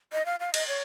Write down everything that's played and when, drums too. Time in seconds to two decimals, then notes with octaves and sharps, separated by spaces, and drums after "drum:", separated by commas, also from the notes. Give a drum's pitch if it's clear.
0.13 D#5
0.26 F5
0.40 F5
0.54 D#5, drum: cymbal
0.68 C#5